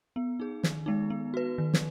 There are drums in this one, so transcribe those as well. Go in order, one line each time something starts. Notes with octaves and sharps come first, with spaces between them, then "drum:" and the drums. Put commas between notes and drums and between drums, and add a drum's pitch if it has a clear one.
B3
D#4 G#4
D#3, drum: snare
G#3 B3 D#4
B3
F#4 B4
D#3
drum: snare